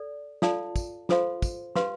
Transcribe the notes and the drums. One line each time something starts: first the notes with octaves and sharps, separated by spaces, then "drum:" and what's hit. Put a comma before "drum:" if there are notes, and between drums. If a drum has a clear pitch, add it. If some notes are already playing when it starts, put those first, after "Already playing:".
Already playing: A4 D5
F4 A4 D5 F5 A5, drum: snare
drum: kick, tambourine
F4 A4 C5 F5 C6, drum: snare
drum: kick, tambourine
G4 B4 F5 C6, drum: snare